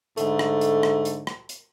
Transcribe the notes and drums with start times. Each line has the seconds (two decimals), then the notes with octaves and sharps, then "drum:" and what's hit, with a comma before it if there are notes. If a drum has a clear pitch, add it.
0.17 G#2 D3 A3, drum: hi-hat
0.39 drum: rim click
0.61 drum: hi-hat
0.83 drum: rim click
1.05 drum: hi-hat
1.27 drum: rim click
1.49 drum: hi-hat